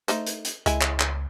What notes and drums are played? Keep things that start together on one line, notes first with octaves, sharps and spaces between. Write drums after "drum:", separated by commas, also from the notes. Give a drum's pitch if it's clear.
A3 D#4 C5, drum: hi-hat
drum: hi-hat
drum: hi-hat
C#2 G#3 E4 G#5, drum: hi-hat
drum: clap
drum: clap